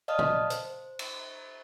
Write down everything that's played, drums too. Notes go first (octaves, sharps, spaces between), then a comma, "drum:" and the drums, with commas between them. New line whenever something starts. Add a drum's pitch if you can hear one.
D5 D#5 F5 A5 D#6 F6
drum: tom
C5, drum: hi-hat
drum: cymbal